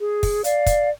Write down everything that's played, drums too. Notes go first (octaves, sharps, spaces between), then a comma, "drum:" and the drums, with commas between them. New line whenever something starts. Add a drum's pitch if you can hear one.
G#4
drum: kick, open hi-hat
D5 F5, drum: hi-hat
drum: kick, hi-hat